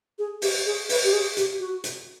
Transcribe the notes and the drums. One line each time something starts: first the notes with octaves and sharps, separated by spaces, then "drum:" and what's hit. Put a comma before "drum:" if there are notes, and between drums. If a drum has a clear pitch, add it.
G#4
G4, drum: open hi-hat
G#4
B4, drum: open hi-hat
G4
G#4
G4, drum: hi-hat
F#4
drum: hi-hat